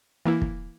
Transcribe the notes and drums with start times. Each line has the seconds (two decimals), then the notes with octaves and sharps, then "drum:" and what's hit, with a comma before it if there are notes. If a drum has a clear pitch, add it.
0.26 E3 A#3 E4
0.42 drum: kick